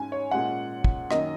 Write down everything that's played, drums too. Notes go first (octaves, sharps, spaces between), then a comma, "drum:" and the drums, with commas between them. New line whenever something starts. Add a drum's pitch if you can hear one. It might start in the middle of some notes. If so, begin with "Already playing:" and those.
Already playing: G#2 G#3 C#4 G#5
C#5
A#2 G#3 C#4 F#5
drum: kick
F#2 D#3 A#3 C#4 D#5, drum: rim click